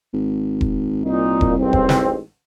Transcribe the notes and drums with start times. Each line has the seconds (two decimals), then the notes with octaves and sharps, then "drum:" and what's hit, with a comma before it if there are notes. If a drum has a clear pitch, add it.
0.14 G#1
0.61 drum: kick E1
1.06 C2 A#2 D#4
1.41 drum: kick E1
1.57 A1 G#2 C4
1.73 drum: kick E1
1.89 drum: snare